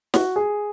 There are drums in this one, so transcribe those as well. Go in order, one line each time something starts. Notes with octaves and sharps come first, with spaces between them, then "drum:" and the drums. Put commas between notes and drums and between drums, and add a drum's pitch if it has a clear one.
F#4, drum: snare
G#4